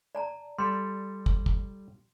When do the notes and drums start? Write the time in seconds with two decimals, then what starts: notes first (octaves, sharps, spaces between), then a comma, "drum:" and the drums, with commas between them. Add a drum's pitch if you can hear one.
0.15 D5 A5 A#5
0.59 G3 A4 C6
1.26 drum: kick
1.46 drum: kick